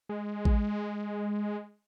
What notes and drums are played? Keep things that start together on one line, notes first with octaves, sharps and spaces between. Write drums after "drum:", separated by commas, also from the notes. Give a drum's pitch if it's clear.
G#3
drum: kick A1